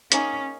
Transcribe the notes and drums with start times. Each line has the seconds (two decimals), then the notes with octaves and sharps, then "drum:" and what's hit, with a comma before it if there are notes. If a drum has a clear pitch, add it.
0.12 D#3 A#3 C#4 D#4 G#4, drum: hi-hat